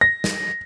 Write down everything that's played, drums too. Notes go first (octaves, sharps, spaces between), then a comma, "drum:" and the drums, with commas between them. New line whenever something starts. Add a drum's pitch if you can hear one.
A#6
drum: snare